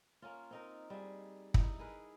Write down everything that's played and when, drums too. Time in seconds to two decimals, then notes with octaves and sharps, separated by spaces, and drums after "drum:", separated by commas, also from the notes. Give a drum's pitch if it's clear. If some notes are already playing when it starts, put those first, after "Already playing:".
0.22 A#3 C#4 F4
0.51 C4 D#4 A#4
0.90 G3 D#4 G#4 E5
1.54 D#4 E4, drum: kick
1.79 G#4 A#4 B4